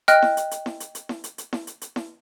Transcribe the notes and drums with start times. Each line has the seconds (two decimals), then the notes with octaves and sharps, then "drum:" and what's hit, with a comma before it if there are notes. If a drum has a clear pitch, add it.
0.08 D#5 G5 F6 F#6, drum: hi-hat
0.22 drum: snare E4
0.37 drum: hi-hat
0.51 drum: hi-hat
0.66 drum: snare E4
0.80 drum: hi-hat
0.95 drum: hi-hat
1.09 drum: snare E4
1.24 drum: hi-hat
1.38 drum: hi-hat
1.53 drum: snare E4
1.67 drum: hi-hat
1.81 drum: hi-hat
1.96 drum: snare E4